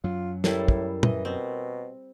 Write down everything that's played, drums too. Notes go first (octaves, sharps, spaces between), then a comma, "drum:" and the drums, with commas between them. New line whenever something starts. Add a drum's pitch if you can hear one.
F#2 F#3 F4
A2 G3 E4 A4 A#4, drum: snare
drum: kick
E3 D#5, drum: tom
B2 C4